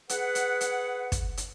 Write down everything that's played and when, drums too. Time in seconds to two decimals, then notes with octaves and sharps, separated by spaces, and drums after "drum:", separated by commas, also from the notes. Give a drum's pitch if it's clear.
0.09 G#4 B4 F#5, drum: hi-hat
0.35 drum: hi-hat
0.61 drum: hi-hat
1.12 drum: kick, hi-hat
1.37 drum: hi-hat